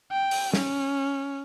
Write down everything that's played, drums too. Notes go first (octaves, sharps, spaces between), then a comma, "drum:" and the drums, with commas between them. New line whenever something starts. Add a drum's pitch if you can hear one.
G5
drum: open hi-hat
C#4, drum: snare